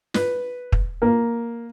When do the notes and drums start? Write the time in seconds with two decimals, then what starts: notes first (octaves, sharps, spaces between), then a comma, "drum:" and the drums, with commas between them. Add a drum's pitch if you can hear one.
0.14 B4, drum: snare
0.72 drum: kick
1.02 A#3